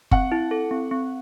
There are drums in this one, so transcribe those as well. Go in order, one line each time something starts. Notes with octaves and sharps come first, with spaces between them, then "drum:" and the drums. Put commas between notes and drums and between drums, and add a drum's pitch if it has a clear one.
C4 F#5, drum: kick F#1
E4
A4
C4
C4